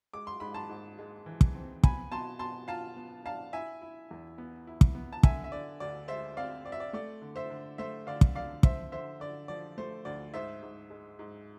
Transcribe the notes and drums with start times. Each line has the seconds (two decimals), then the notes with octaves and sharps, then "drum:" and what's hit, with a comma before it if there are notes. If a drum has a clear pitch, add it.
0.13 G#3 D6
0.27 C6
0.40 G#2 B5
0.54 A5 C6
0.69 G#2
0.98 G#3
1.26 E3
1.41 drum: kick
1.55 C4
1.83 B3 G#5 B5, drum: kick
2.12 B2 A5 C6
2.39 B2 A5 C6
2.68 F4 F5 A5
2.97 B3
3.25 D4 F5 A5
3.53 E4 E5 G#5
3.82 E4
4.11 E2
4.38 B3
4.67 E4
4.81 drum: kick
4.95 B3
5.13 A5
5.23 D3 E5 G#5, drum: kick
5.44 E5
5.52 D3 D5
5.80 D2 D5
6.08 G#3 C5 E5
6.37 C4 D5 F5
6.65 C4 D5
6.72 E5
6.80 D5
6.93 A3 D5
7.22 D3
7.36 C5 E5
7.50 D3
7.78 A3 C5 E5
8.07 D3 D5 F5
8.21 drum: kick
8.35 D3 D5 F5
8.63 F3 C5 E5, drum: kick
8.92 D3 C5 E5
9.20 D3 D5
9.48 F3 D5
9.78 A3 C5
10.05 D2 D5
10.34 G#2 C5 E5
10.62 G#2
10.90 G#3
11.19 G#2